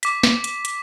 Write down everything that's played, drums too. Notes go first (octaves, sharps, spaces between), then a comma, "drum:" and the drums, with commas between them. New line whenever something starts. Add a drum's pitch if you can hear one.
D6 B6, drum: hi-hat
drum: snare
drum: hi-hat
drum: hi-hat